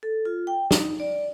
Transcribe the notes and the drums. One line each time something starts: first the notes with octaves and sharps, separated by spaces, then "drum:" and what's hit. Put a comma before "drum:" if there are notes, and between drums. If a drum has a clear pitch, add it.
A4
F4
G5
D#4, drum: snare
D5